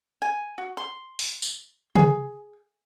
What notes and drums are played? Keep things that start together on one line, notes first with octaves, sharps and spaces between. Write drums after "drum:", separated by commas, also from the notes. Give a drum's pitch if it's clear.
G#5
F#4
C6
drum: open hi-hat
drum: tambourine
G#4, drum: tom